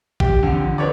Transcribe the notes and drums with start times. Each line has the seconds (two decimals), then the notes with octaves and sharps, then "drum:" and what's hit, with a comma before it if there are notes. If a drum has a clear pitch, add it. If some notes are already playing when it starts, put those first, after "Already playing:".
0.20 G4, drum: kick A1
0.43 F2 D3
0.78 C4 A4 B4 C#5 D5